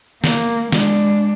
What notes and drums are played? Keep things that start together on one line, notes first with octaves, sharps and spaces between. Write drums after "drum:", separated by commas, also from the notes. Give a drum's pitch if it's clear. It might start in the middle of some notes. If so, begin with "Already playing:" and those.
A#3, drum: snare
G#3 D4, drum: snare